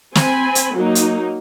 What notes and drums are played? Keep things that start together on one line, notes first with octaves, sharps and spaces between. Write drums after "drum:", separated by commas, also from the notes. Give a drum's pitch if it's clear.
C4 G#5 B5, drum: snare
drum: hi-hat
F#3 A#3 D#4
drum: hi-hat